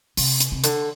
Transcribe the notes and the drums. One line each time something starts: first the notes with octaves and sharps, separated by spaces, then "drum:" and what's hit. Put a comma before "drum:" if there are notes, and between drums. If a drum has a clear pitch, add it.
C3, drum: open hi-hat
drum: hi-hat
C3
D3, drum: hi-hat